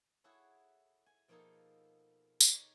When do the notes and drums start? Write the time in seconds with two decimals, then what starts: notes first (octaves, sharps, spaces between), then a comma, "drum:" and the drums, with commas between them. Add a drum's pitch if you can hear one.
0.24 E4 F#4 G#4 A4 C#5
1.06 G#5
1.28 B2 F3 A#3 D#4 G#4 A4
2.40 D#4 G4 C#5, drum: tambourine